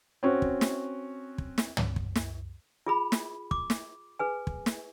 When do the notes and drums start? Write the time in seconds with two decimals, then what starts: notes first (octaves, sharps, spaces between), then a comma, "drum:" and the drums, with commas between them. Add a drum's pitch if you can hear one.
0.23 C4 C#4 F#4
0.42 drum: kick
0.61 drum: snare
1.38 drum: kick
1.58 drum: snare
1.77 drum: tom
1.96 drum: kick
2.15 drum: snare
2.87 F4 G#4 B5
3.12 drum: snare
3.51 D6, drum: kick
3.70 drum: snare
4.19 G#4 B4 G#5
4.47 drum: kick
4.66 drum: snare